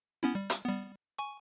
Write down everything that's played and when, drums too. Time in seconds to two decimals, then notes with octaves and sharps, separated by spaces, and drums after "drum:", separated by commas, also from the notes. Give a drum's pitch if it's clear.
0.23 B3 C#4 E4
0.35 G3
0.50 drum: hi-hat
0.65 G3 B3
1.18 G#5 C#6